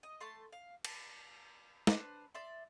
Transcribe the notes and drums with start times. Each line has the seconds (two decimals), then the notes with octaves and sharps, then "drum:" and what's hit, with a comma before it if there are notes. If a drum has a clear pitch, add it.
0.03 D#5
0.21 A3 A5 C6
0.52 F5
0.85 A5, drum: cymbal
1.87 D4 B4 C5, drum: snare
2.35 D5 E5 C6